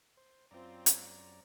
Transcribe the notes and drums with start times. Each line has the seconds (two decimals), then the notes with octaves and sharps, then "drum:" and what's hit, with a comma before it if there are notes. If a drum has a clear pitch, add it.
0.17 C5
0.51 F#2 C4 F4 D5 A#5
0.86 drum: hi-hat